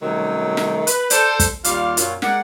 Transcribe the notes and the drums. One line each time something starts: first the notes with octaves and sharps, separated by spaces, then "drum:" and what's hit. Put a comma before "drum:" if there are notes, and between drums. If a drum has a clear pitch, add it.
C3 D#3 F#3 G3 A3 C#4
drum: snare
B4, drum: hi-hat
A4 C5 D5, drum: hi-hat
drum: kick, hi-hat
D#2 G3 F4 D5 F5, drum: hi-hat
F#2 A#2 F#3 C#4 F4, drum: hi-hat
G#3 A#4 D5 F#5, drum: snare